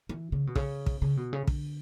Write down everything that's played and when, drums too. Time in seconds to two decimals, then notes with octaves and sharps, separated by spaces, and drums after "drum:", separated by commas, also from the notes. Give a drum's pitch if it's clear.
0.09 E3
0.32 C#3
0.47 B2
0.55 C#3, drum: kick
0.86 drum: kick
1.02 C#3
1.17 B2
1.33 C#3
1.47 D3, drum: kick